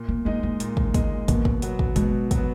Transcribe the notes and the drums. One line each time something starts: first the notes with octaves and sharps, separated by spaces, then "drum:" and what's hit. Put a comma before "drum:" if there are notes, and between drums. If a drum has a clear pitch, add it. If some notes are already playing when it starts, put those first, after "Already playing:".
Already playing: A#2
A#3
G#3 A#3 D#4
A#3
A#2, drum: hi-hat
drum: kick
G#3 D#4, drum: kick, hi-hat
B2 A#3, drum: kick, hi-hat
drum: kick
F#3 B3, drum: hi-hat
drum: kick
B2 G#3, drum: kick, hi-hat
F#3 B3, drum: kick, hi-hat